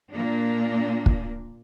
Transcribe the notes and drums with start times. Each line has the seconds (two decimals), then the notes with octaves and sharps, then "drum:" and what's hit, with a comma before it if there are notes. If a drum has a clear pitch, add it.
0.12 A#2 A#3 D4
1.06 drum: kick